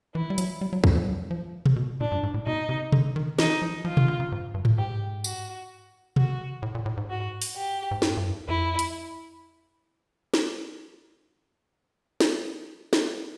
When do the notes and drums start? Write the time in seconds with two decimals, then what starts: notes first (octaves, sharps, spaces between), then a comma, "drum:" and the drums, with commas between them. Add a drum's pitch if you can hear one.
0.15 E3 E4
0.30 G3
0.38 F#3, drum: hi-hat
0.61 G3
0.73 F#3
0.84 F#3, drum: kick
0.95 F3
1.03 G3
1.08 F#3
1.31 F3
1.66 drum: tom
1.76 B2
2.00 A#2 D4
2.12 G2
2.23 G#2
2.34 A2
2.46 B2 D#4
2.69 C3
2.92 D3, drum: tom
3.16 D#3
3.39 E3 D#4, drum: snare
3.62 F3
3.85 F3 F4
3.97 D#3, drum: tom B2
4.08 D3
4.20 C#3
4.32 G#2
4.54 G2
4.65 drum: tom G#2
4.78 G#2 G4
5.24 F#4, drum: tambourine
6.16 F#4, drum: tom
6.62 A2
6.75 A#2
6.86 A2
6.97 G#2
7.10 F#4
7.42 drum: open hi-hat
7.56 G4
7.91 G#2
8.02 G2, drum: snare
8.17 G2
8.25 F#2
8.48 F2 E4
8.79 drum: hi-hat
10.34 drum: snare
12.20 drum: snare
12.93 drum: snare